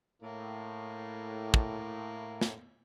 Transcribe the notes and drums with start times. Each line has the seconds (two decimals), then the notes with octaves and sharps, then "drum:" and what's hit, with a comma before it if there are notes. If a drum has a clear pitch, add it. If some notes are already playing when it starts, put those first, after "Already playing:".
0.22 A2 A#3
1.54 drum: kick
2.41 drum: snare